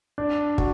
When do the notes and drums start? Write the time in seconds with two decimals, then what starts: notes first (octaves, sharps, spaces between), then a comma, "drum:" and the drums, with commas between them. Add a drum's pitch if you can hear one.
0.18 D4
0.58 F#4, drum: kick